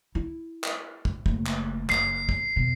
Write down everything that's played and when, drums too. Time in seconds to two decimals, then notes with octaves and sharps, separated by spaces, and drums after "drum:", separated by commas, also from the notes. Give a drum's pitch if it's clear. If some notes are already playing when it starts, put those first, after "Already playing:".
0.15 E4
0.64 drum: clap
1.05 drum: kick
1.26 F#1 A3, drum: kick
1.46 drum: clap
1.90 F#1 C7, drum: clap
2.29 drum: kick
2.56 F2 B2